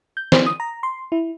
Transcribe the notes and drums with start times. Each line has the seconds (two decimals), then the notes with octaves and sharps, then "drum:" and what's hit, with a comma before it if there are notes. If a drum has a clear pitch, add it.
0.17 G6
0.32 C5, drum: snare
0.46 D#6
0.60 A#5
0.83 C6
1.12 E4